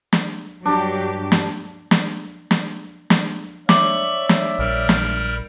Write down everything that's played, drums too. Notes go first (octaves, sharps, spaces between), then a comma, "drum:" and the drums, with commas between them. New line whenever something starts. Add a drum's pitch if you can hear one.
drum: snare
G2 F#3 D4 G4
drum: snare
drum: snare
drum: snare
drum: snare
C#5 D5 E5 B5 C#6 D6, drum: snare
drum: snare
A#1 G3 A#4
drum: snare